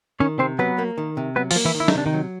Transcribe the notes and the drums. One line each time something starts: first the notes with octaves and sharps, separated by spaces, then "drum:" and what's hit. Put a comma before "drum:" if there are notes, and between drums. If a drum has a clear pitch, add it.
D#3 C#4 C#5
C3 C4 C5
F#3 B3 B4
A#3
D#3
C3
F#3 B3 B4
F3 F4, drum: open hi-hat
A#3
E3 E4
D#3
E4
D#4, drum: snare
C3 D4
D#3 D#4
F#3